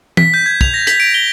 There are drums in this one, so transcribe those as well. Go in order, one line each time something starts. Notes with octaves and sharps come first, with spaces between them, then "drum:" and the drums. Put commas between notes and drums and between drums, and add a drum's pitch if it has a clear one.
B6, drum: tom E3
G6
G#6
F7, drum: kick
A#6
B6, drum: hi-hat
D7
G7